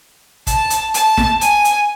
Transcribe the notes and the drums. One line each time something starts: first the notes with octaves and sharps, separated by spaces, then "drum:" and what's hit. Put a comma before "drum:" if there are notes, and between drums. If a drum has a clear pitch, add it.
A5, drum: kick, hi-hat
drum: hi-hat
A5, drum: hi-hat
drum: snare
G#5, drum: hi-hat
drum: hi-hat